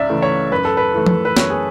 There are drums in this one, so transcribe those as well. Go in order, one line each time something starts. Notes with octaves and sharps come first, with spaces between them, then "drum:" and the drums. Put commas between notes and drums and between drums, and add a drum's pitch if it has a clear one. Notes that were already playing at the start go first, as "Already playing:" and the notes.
Already playing: C#2 D5 E5
C#3 E3 A3
C#5
F#2 B4
A4
B4
E3 A3
drum: tom F3
B4
F#2 C#5, drum: snare
G#4